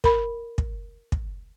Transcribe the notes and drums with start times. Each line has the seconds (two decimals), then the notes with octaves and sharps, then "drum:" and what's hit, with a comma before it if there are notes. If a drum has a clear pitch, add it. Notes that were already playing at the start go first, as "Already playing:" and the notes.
0.04 A#4 B5, drum: kick
0.58 drum: kick
1.12 drum: kick